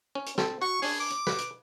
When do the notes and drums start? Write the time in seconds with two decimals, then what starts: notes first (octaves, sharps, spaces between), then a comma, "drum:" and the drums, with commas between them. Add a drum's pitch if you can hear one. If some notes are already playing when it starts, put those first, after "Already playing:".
0.15 C#4
0.26 drum: hi-hat
0.38 C4 A4, drum: snare
0.62 F#4 C#6
0.82 C#4 D4 G#4, drum: open hi-hat
1.00 D6
1.10 drum: hi-hat
1.27 B4, drum: snare
1.38 drum: hi-hat